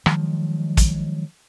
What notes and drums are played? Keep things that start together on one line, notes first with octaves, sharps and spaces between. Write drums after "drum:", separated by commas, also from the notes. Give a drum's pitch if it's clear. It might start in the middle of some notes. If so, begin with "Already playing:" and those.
D#3 F3 F#3 G#3, drum: rim click
drum: kick, hi-hat